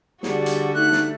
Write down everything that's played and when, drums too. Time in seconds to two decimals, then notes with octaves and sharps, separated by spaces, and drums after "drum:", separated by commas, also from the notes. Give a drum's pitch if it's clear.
0.23 D3 G3 F#4 G#4, drum: snare
0.46 drum: hi-hat
0.75 A3 D#4 F#6
0.92 drum: snare